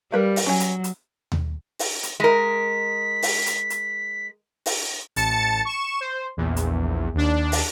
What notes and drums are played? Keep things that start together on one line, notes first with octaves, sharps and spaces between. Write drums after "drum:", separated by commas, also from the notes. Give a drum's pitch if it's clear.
G3 A#4 B4 F5
drum: open hi-hat
F#3 C#4 G#5
drum: hi-hat
drum: hi-hat
drum: tom D#2
drum: open hi-hat
drum: hi-hat
G#3 A#4 B6
drum: open hi-hat
drum: hi-hat
drum: hi-hat
drum: open hi-hat
A1 A5 A6 C#7, drum: hi-hat
C#6 E7
C5
A#1 E2
drum: hi-hat
D#2 D4
drum: open hi-hat